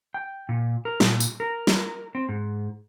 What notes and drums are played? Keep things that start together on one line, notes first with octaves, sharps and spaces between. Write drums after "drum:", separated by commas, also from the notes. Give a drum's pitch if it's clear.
G5
A#2
A#4
A#2, drum: snare
drum: tambourine
A#4
drum: snare
C4
G#2